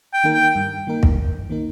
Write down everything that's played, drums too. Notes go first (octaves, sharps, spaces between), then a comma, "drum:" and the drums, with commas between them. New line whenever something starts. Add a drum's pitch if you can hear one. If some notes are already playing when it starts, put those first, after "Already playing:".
G5
D#3 A#3 D#4 A#4
G5
G2
D#3 A#3 D#4 A#4
drum: kick
G2
D#3 A#3 D#4 A#4